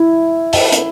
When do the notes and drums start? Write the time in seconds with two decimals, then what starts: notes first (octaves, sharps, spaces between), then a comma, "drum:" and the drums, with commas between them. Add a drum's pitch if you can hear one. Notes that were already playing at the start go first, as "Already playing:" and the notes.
Already playing: E4
0.53 drum: open hi-hat
0.72 drum: hi-hat